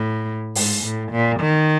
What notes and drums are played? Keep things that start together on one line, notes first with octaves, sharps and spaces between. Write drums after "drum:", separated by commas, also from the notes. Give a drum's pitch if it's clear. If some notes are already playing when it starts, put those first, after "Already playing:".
Already playing: A2
G#2, drum: open hi-hat
A2
A#2
D#3